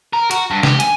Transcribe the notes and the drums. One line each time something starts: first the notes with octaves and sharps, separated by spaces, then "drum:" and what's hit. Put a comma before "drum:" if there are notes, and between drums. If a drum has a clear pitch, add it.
A#4
F#4, drum: hi-hat
G2
G4, drum: snare
G#5, drum: hi-hat